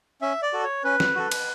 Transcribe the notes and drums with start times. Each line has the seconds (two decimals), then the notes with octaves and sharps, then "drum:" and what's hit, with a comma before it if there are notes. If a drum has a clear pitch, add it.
0.22 C#4 E5
0.43 D5
0.53 F#4 A4
0.64 C#5
0.84 C#4 B4
1.00 drum: snare
1.15 F#4 A4
1.32 drum: cymbal